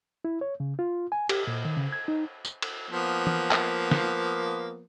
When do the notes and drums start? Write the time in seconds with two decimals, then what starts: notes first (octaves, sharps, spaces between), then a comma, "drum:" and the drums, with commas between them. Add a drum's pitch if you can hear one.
0.25 E4
0.41 C#5
0.60 C#3
0.79 F4
1.12 G#5
1.29 G4, drum: cymbal
1.47 A#2
1.65 D#3
1.77 C#3
1.93 G#6
2.08 D#4
2.45 drum: tambourine
2.62 drum: cymbal
2.91 F3 A#3 B3
3.27 drum: tom E3
3.51 drum: clap
3.91 drum: snare